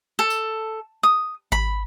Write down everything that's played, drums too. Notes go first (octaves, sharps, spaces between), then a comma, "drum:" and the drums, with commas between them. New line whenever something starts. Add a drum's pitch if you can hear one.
A4
drum: tambourine
D#6
B5, drum: kick G#1